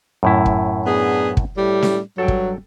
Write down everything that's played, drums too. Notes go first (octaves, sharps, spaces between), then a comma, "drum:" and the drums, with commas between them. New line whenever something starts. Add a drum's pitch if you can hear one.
F#2 A2 E4
drum: kick
B3 D4 G#4
drum: kick
A2 G3
drum: snare
G2 F#3 A4 G5
drum: kick